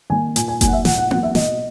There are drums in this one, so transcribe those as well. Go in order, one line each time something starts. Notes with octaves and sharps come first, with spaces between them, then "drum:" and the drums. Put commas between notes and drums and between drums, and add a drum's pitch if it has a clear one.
D#3 A#3 G#5
A#2 G#5, drum: hi-hat
G#5
F#3 A#3 G#5, drum: kick F#1, hi-hat
F#5
E5
A#2 F#5, drum: snare
F#5
F#3 A#3 F#5, drum: tom B3
E5
B2 D#5, drum: snare